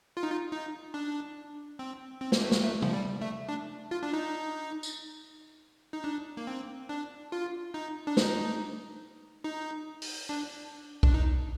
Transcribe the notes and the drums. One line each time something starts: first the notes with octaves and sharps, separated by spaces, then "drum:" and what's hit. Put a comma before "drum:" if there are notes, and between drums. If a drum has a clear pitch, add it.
F4
D#4
F4
D#4
D4
C4
C4
A#3, drum: snare
A3
A#3, drum: snare
A3
F3, drum: tom
G3
A3
D4
F4
D4
D#4
drum: tambourine
D#4
D4
A#3
C4
D4
F4
D#4
D4
D#4, drum: snare
D#4
drum: open hi-hat
D4
D4, drum: kick B1
D#4